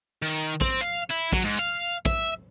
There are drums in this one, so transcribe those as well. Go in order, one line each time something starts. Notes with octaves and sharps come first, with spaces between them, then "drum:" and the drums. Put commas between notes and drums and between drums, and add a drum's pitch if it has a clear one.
D#3
C4, drum: kick
F5
E4
F#3, drum: kick
G#2
F5
E5, drum: kick